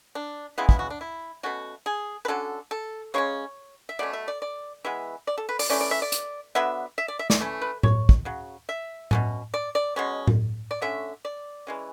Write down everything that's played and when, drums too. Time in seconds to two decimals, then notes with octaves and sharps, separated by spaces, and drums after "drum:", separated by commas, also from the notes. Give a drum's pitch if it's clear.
0.15 D4
0.58 C#3 E3 G#3 B3 E4
0.69 E4, drum: kick
0.79 F#4
0.90 D4
1.01 E4
1.43 B2 A3 C#4 F#4
1.86 G#4
2.25 B4
2.28 D3 F#3 C#4 A4
2.71 A4
3.14 C#3 G#3 C#4 C#5
3.89 E5
3.99 B2 A3 C#4 D5
4.13 E5
4.28 D5
4.42 D5
4.85 E3 G#3 B3 E5
5.27 D5
5.37 A4
5.49 B4
5.59 D5, drum: open hi-hat
5.70 E3 A3 C#4 D5
5.81 D5
5.91 E5
6.02 D5
6.12 drum: hi-hat
6.55 D3 F#3 B3 E5
6.98 E5
7.08 D5
7.19 E5
7.30 D5, drum: snare
7.40 E3 A3 C#4
7.62 B4
7.83 C#5, drum: tom A2
8.09 drum: kick
8.25 C#3 F#3
8.69 E5
9.11 B2 A3 C#4, drum: tom A2
9.54 D5
9.75 D5
9.96 B2 G#3 C#4
10.27 drum: tom A2
10.71 D5
10.82 D3 A3 C#4 E5
11.25 D5
11.67 E3 G#3 C#4